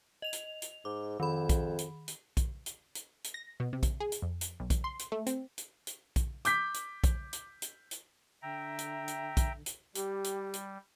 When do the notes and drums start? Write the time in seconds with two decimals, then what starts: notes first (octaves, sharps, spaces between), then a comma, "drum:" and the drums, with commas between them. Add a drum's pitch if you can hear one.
0.22 D#5 F7
0.33 drum: hi-hat
0.62 drum: hi-hat
0.85 G#2 D6
1.20 F2 D#3 B5
1.49 drum: kick A#1, hi-hat
1.79 drum: hi-hat
2.08 drum: hi-hat
2.37 drum: kick A#1, hi-hat
2.66 drum: hi-hat
2.95 drum: hi-hat
3.24 drum: hi-hat
3.34 A#6
3.60 B2
3.73 C3
3.83 drum: kick A#1, hi-hat
4.00 G#4
4.12 drum: hi-hat
4.22 F2
4.41 drum: hi-hat
4.60 B1
4.70 drum: kick A#1, hi-hat
4.84 C6
4.99 drum: hi-hat
5.12 A3
5.27 C4, drum: hi-hat
5.58 drum: hi-hat
5.87 drum: hi-hat
6.16 drum: kick A#1, hi-hat
6.45 D6 G6 B6, drum: hi-hat
6.74 drum: hi-hat
7.04 drum: kick A#1, hi-hat
7.33 drum: hi-hat
7.62 drum: hi-hat
7.91 drum: hi-hat
8.42 D3 E5 G5 A#5
8.79 drum: hi-hat
9.08 drum: hi-hat
9.37 drum: kick A#1, hi-hat
9.66 drum: hi-hat
9.95 G3 G4, drum: hi-hat
10.24 drum: hi-hat
10.54 drum: hi-hat